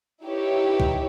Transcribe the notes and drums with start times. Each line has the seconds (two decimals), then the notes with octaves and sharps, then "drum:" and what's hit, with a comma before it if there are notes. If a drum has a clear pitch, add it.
0.23 D#4 E4 G4 B4 C#5
0.80 drum: kick